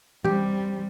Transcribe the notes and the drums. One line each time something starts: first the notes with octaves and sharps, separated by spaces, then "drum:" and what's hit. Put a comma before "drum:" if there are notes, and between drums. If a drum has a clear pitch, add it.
G3 C4 G4, drum: tom E3